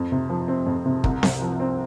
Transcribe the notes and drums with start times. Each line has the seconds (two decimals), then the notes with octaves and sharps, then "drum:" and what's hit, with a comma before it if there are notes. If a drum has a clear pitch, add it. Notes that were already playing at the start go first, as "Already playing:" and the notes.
Already playing: F2
0.12 C3
0.29 F3
0.48 C4
0.66 F2
0.86 C3
1.04 C2, drum: kick
1.23 C3, drum: snare C4
1.41 F3
1.60 C4